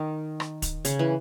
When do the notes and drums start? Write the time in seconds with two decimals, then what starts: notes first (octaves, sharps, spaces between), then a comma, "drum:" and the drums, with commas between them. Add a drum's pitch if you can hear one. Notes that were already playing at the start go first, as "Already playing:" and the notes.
Already playing: D#3
0.40 drum: rim click
0.62 drum: kick, hi-hat
0.85 C#3, drum: hi-hat
0.99 E3